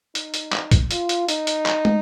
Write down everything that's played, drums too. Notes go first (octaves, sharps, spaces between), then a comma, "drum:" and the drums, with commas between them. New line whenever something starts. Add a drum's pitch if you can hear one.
D#4, drum: hi-hat
drum: hi-hat
drum: clap
drum: kick, hi-hat
F4, drum: hi-hat
drum: hi-hat
D#4, drum: hi-hat
drum: hi-hat
drum: clap
drum: tom